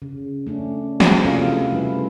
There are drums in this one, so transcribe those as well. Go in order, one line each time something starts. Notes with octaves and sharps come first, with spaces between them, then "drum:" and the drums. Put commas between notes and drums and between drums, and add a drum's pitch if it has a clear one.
C#3
A3 C#4 D4
G#3 B3 C#4 F#4 G#4, drum: snare
C3 A3 F4 A4 F5
A3 E4
C#3 G3 E4 B4